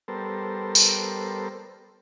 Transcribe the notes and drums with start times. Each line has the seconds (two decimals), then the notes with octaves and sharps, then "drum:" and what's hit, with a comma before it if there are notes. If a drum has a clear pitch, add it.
0.08 G3 B3 A4 A#4 C5
0.75 drum: tambourine